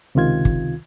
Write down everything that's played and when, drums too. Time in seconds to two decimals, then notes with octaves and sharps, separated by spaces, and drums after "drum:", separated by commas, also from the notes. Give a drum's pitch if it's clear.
0.15 C#2 C3 D#3 F4 G#6
0.45 drum: kick